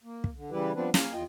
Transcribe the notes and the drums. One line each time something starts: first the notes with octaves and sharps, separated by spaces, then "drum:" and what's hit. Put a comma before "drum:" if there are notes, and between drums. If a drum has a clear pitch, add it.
A#3
drum: kick
D3
C#3 E3 G3 E4 G4 B4
F3 G3 B3 C4 D4 B4
A#3 F5 G#5, drum: snare
E2 F4 D#5 G5